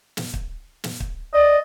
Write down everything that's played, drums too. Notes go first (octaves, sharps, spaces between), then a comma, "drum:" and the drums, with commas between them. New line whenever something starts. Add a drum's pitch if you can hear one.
drum: snare
drum: kick
drum: snare
drum: kick
D5 D#5